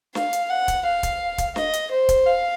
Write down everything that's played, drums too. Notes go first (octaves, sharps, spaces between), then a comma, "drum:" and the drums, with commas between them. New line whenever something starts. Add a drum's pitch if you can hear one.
F5, drum: snare
drum: hi-hat
F#5
drum: kick, hi-hat
F5
drum: kick, hi-hat
drum: kick, hi-hat
D#5, drum: snare
drum: hi-hat
C5
drum: kick, hi-hat
F5